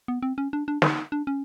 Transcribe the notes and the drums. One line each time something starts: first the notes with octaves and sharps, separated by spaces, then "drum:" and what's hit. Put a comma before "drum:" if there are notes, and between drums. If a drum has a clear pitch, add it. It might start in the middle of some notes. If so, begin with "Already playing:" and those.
B3
C4
C#4
D4
D4
D#4, drum: snare
D4
C#4